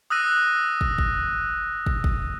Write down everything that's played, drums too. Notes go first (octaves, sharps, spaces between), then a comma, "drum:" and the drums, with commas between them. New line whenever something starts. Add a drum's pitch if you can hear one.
D#6 E6 F#6 A#6 D#7
drum: kick
drum: kick
drum: kick
drum: kick